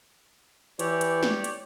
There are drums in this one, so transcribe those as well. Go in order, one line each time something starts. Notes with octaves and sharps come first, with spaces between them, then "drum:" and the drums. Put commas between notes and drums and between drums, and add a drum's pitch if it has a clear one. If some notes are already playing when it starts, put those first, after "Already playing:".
E3 G4 C#5 D5, drum: hi-hat
drum: hi-hat
drum: snare
drum: hi-hat